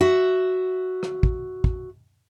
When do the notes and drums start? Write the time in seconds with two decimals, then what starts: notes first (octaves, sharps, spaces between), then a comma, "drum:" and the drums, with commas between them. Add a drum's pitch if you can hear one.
0.01 F#4 E5
1.03 drum: rim click
1.23 drum: kick
1.64 drum: kick